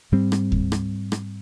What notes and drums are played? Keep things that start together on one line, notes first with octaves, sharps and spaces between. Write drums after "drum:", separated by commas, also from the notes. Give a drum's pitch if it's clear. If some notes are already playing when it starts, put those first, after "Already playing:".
G#2 G3 C4
drum: rim click
drum: kick D2
drum: rim click
drum: rim click